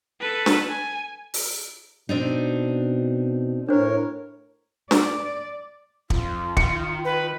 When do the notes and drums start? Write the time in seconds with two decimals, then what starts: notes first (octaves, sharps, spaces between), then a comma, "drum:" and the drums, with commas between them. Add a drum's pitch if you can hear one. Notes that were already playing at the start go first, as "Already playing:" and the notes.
0.20 A4 B4
0.46 drum: snare D4
0.69 G#5
1.34 drum: open hi-hat
2.09 B2 C4 D4 D#4
3.69 A2 D4 A#4 C5 C#5
4.91 D5, drum: snare D4
6.10 F2 F4, drum: kick
6.57 D#3 C#7, drum: kick
7.05 B4